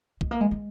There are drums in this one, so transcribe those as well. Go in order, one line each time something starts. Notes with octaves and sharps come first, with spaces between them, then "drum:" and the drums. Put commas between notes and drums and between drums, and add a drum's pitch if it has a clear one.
G#3, drum: kick
A#3
G#3
G#3